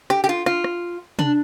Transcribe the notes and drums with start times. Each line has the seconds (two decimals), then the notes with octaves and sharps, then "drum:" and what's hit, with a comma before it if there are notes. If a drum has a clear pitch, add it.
0.10 G4, drum: rim click
0.24 G4
0.29 F4
0.46 F4, drum: rim click
0.64 drum: rim click
1.19 D4, drum: tom C3